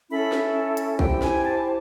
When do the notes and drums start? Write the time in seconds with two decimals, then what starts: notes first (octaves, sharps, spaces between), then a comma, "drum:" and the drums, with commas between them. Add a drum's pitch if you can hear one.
0.09 C#4 E4 A4 B5
0.32 drum: snare
0.77 drum: hi-hat
0.99 E4 G4 C5 G5, drum: kick A#1
1.22 G#5, drum: snare
1.44 A5